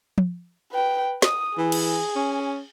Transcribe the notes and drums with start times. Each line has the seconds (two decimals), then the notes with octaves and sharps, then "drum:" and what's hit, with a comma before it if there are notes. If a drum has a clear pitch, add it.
0.18 drum: tom F3
0.72 B4 G5
1.22 D#6, drum: snare
1.58 E3 G#4
1.72 drum: cymbal
2.16 C#4